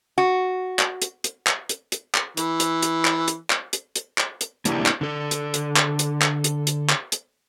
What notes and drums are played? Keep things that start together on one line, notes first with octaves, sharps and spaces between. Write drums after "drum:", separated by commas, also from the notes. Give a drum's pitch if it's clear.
F#4
drum: clap
drum: hi-hat
drum: hi-hat
drum: clap
drum: hi-hat
drum: hi-hat
drum: clap
E3, drum: hi-hat
drum: hi-hat
drum: hi-hat
drum: clap
drum: hi-hat
drum: clap
drum: hi-hat
drum: hi-hat
drum: clap
drum: hi-hat
A#3 D4 E4 F4 G4, drum: hi-hat
drum: clap
D3 A4
drum: hi-hat
drum: hi-hat
drum: clap
drum: hi-hat
drum: clap
drum: hi-hat
drum: hi-hat
drum: clap
drum: hi-hat